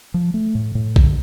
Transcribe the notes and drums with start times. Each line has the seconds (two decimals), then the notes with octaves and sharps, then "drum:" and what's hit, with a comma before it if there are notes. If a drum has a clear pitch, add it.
0.14 F3
0.34 A3
0.55 A2
0.75 A2
0.96 D3, drum: kick